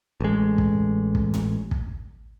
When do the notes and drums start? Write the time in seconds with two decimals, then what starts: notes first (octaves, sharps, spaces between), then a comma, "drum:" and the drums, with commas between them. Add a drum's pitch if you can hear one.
0.20 A1 G#3
0.58 drum: kick
1.15 drum: kick
1.34 drum: tom A2
1.71 drum: kick